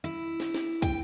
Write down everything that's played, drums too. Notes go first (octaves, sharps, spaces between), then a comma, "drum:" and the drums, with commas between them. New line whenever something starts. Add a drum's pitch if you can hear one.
E4
drum: snare
drum: snare
G5, drum: kick